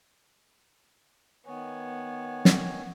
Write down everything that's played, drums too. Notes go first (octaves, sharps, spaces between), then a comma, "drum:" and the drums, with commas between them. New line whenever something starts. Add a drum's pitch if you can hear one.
D#3 B3 C#5 G#5
drum: snare